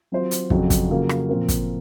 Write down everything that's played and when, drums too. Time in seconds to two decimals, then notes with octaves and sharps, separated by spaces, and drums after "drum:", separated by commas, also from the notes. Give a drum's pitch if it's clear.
0.12 F#3 C4 F4 C5
0.31 drum: hi-hat
0.50 F2 C#3 F#3, drum: kick
0.70 drum: kick, hi-hat
0.90 C#3 F#3 A#3 F4
1.09 drum: rim click
1.29 A#2 F3 C4 F4 A#4
1.48 drum: kick, hi-hat